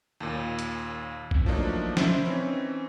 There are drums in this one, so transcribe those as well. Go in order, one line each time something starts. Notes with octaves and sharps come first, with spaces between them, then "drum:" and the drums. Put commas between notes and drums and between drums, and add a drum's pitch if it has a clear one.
D#2 A#2
drum: hi-hat
drum: kick A1
F3 F#3 A3 A#3 D4 D#4
E4 C5 E5, drum: snare
E3 C4 C#4 D#4